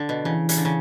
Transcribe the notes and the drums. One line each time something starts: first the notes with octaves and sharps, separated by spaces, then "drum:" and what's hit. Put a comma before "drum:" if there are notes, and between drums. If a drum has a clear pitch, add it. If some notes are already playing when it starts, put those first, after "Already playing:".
Already playing: D3
B2
C#3 E3
C#3, drum: hi-hat
D3
C#3